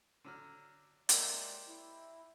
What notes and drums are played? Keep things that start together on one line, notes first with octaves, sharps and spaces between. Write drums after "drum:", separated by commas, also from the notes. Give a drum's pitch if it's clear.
D3 F#3 F6
F#3 G#3 A#3 G4 C5 D5 E5 E6, drum: hi-hat
E4